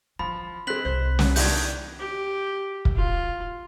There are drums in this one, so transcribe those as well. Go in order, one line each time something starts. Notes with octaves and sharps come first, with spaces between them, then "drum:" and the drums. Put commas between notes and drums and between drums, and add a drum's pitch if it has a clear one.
D#3 F3 B5
G#3 C4 F#6 B6 F#7
C2 C5
drum: snare
E2 D#3 D4 G6 G#6, drum: open hi-hat
G4
drum: kick
F4